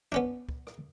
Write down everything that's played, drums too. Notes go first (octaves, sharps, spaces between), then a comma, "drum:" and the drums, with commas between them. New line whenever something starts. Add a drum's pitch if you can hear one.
B3 C#4 D4
drum: kick
drum: rim click